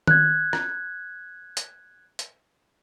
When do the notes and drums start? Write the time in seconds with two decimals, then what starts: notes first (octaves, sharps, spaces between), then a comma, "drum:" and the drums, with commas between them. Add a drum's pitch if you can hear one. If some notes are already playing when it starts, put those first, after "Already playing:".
0.07 F#6 G#6, drum: tom D#3
0.53 drum: rim click
1.57 drum: hi-hat
2.19 drum: hi-hat